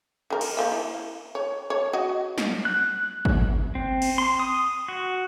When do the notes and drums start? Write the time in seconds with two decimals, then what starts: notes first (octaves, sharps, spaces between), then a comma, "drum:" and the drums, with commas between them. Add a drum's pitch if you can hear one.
0.30 D#3 A#4
0.41 drum: cymbal
0.57 F3 A#3 E5
0.72 E4
1.35 C#5
1.70 C#5
1.93 F#4 D#5
2.38 drum: snare
2.65 F#6
3.25 drum: kick
3.75 C4
4.02 drum: cymbal
4.18 C6
4.40 D#6
4.88 F#4